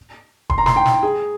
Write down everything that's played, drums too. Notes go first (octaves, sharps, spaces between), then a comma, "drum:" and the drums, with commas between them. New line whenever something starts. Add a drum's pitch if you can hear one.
C6, drum: kick D#1
A#5
C6, drum: snare
G5
drum: snare
G#4